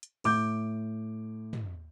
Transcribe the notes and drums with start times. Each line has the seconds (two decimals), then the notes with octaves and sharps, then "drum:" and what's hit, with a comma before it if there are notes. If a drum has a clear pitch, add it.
0.03 drum: hi-hat
0.24 A2 D6 G6, drum: open hi-hat
1.53 drum: tom